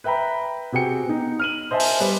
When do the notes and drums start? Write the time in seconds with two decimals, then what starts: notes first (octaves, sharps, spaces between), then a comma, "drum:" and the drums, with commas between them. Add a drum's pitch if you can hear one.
0.04 B4 E5 G5 A#5 B5
0.72 C3 F#4 G#4 G5 C#7
1.05 B3 D#4
1.39 F6 D#7 F#7
1.71 C5 D#5 E5 G#5 A5
1.80 drum: open hi-hat
2.00 G3 B4